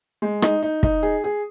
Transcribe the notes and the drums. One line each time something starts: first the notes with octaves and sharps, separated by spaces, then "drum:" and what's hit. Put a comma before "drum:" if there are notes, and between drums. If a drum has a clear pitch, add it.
G#3
D#4, drum: rim click
D#4
D#4, drum: kick
G#4
G#4